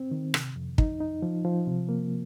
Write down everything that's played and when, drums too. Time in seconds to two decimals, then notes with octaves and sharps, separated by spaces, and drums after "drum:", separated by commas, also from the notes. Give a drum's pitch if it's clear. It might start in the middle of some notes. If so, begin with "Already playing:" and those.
Already playing: C4
0.11 D#3
0.34 C3, drum: rim click
0.56 F2
0.78 D#4, drum: kick
1.00 D#4
1.22 F3
1.44 F3
1.67 C3
1.89 A#3